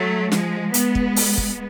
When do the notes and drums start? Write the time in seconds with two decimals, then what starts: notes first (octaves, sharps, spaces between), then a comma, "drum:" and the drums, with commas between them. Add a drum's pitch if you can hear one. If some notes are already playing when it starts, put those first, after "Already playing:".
Already playing: F#3 A3
0.32 F3 G#3, drum: snare
0.74 G#3 B3, drum: hi-hat
0.95 drum: kick
1.16 drum: open hi-hat
1.38 drum: kick